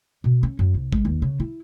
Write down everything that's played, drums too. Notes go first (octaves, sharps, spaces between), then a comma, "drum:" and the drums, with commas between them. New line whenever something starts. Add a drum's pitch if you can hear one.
B2
C#4
F#2
C2
G#3, drum: kick G#1
D#2
C#3
E4